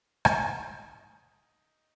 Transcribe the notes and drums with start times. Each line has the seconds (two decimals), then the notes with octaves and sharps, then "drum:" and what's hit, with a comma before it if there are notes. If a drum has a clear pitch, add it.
0.25 D#4, drum: rim click